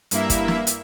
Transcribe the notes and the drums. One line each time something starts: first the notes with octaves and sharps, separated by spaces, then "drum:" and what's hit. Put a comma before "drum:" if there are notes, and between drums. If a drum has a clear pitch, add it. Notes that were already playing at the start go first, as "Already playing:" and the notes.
G2 A#3 E4 E5, drum: hi-hat
drum: kick, hi-hat
drum: snare
drum: hi-hat